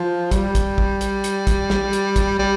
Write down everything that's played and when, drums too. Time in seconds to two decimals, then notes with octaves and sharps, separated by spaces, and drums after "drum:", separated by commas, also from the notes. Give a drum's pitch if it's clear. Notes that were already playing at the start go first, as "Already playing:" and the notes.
Already playing: F3
0.31 G3, drum: kick, hi-hat
0.55 drum: kick, hi-hat
0.78 drum: kick
1.01 drum: hi-hat
1.24 drum: hi-hat
1.47 drum: kick, hi-hat
1.70 drum: snare
1.93 drum: hi-hat
2.16 drum: kick, hi-hat
2.39 G3